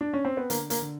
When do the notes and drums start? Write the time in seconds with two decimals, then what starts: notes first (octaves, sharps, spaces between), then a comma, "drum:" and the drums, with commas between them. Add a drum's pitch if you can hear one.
0.01 D4
0.13 C#4
0.25 C4
0.37 B3
0.50 D3 A#3, drum: hi-hat
0.70 A#3, drum: hi-hat
0.82 D3